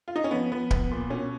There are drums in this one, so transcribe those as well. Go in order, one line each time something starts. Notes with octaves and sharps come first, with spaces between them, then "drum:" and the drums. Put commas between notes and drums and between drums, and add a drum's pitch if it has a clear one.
F4
D#4
C#4
F3 B3
F3 B3
F3 B3, drum: kick D1
A#2
B2 C#4